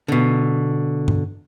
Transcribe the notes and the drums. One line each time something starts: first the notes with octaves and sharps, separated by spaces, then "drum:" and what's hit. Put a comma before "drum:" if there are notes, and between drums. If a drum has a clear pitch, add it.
B2 D3
drum: tom G2